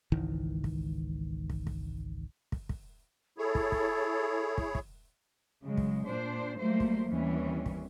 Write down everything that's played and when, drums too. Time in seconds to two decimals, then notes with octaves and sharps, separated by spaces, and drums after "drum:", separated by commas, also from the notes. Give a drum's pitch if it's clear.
0.12 G#1 C#2 D#3 E3
0.64 drum: kick
1.50 drum: kick
1.67 drum: kick
2.52 drum: kick
2.69 drum: kick
3.38 E4 G#4 A4 C#5
3.55 drum: kick
3.72 drum: kick
4.58 drum: kick
4.75 drum: kick
5.64 C#3 F#3 G#3
5.77 drum: kick
6.06 A#2 D4 C5
6.59 F#3 G3 A3 A#3 C5
6.80 drum: kick
7.08 D#2 E3 G3 C4 C#4
7.66 drum: kick